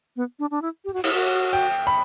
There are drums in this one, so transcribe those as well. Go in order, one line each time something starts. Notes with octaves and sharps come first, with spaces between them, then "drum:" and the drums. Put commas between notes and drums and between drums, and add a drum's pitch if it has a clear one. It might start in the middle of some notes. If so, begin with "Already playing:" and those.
B3
D4
D4
E4
G4
F#4
E4, drum: cymbal
F#4
G5
B5